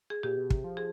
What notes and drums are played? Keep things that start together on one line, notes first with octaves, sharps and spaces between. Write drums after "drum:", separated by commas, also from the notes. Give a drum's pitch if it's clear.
G#4
A#2 G4
B2
C3, drum: kick
F3
G#4